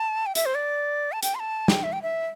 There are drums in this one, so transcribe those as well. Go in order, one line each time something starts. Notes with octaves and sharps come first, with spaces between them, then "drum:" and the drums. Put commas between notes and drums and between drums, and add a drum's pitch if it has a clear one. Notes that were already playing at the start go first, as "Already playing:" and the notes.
Already playing: A5
G5
E5, drum: hi-hat
C5
D5
A5
G5, drum: hi-hat
C6
A5
G5, drum: snare
E5
G5
E5